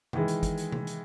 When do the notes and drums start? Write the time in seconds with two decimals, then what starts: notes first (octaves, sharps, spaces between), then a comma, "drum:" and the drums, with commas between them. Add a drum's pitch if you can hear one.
0.13 D#3 E3 G#3, drum: tom C3
0.28 drum: hi-hat
0.43 drum: kick, hi-hat
0.58 drum: hi-hat
0.72 drum: tom C3
0.87 drum: hi-hat